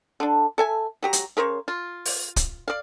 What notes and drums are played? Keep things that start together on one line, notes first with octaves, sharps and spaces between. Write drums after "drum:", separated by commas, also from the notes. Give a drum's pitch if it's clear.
D3 D4
A4 E5 G#5
F#3 G4 A#5
drum: hi-hat
C#3 A#4 C5 C#5
F4
drum: open hi-hat
drum: kick, hi-hat
D5 F5